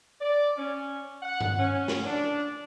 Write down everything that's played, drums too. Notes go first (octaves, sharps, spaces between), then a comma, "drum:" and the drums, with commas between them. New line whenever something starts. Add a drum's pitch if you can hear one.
D5
C#4
F#5
drum: tom G2
C#4
drum: snare
D4